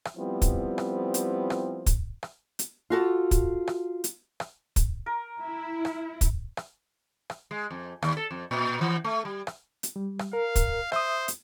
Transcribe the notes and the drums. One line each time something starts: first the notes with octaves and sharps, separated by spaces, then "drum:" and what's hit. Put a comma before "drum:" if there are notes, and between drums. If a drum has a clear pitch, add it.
drum: rim click
F3 G3 B3 C4 E4
drum: kick, hi-hat
drum: rim click
drum: hi-hat
drum: rim click
drum: kick, hi-hat
drum: rim click
drum: hi-hat
F4 F#4 A4
drum: kick, hi-hat
drum: rim click
drum: hi-hat
drum: rim click
drum: kick, hi-hat
A#4
E4
drum: rim click
drum: kick, hi-hat
drum: rim click
drum: rim click
G#3
F2
D#2, drum: rim click
A4
F2
A#2
E3
A3
G3
drum: rim click
drum: hi-hat
G3
drum: rim click
A#4 F5
drum: kick, hi-hat
C5 E5 D#6, drum: rim click
drum: hi-hat